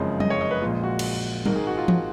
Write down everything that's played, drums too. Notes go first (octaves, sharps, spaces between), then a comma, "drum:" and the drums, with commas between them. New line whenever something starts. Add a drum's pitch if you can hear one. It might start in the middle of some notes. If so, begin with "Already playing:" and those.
Already playing: F#1 F2 C#3 F3 G#3
D#5, drum: tom F#3
C#5
D#5
B4
A#1 A#2 G#3 F4
F#4
drum: cymbal
G#1 G#2 D#3 A#4, drum: tom F#3
G#4
F#4
F4
drum: tom E3